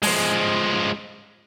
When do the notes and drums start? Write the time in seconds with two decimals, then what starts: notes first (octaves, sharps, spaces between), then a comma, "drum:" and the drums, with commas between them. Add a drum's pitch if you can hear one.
0.03 F3 G#3, drum: open hi-hat